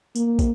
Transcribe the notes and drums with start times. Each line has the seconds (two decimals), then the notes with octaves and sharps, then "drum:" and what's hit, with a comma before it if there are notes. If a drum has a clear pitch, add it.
0.16 A#3, drum: tambourine
0.39 drum: kick, tambourine